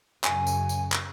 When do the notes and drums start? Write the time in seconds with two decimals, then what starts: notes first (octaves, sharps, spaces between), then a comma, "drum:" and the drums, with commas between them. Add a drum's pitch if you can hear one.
0.24 F#2 C#3 G#5, drum: clap
0.47 drum: tambourine
0.69 drum: tambourine
0.92 drum: clap